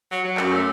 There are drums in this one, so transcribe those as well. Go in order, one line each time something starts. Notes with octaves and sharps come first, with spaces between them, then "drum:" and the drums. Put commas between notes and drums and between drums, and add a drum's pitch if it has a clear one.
F#3
F#3
F#2, drum: clap
A3